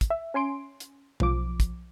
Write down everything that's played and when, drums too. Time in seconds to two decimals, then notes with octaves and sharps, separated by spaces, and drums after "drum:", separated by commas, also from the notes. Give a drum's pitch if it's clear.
0.01 drum: kick, hi-hat
0.10 E5
0.34 C#4 G#5 C6 D7
0.80 drum: hi-hat
1.20 B1 F3 D6, drum: tom B2
1.60 drum: kick, hi-hat